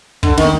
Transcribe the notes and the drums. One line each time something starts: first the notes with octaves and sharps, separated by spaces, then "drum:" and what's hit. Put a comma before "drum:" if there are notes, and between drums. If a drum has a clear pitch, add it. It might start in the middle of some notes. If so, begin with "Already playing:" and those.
D3, drum: kick
D#3, drum: snare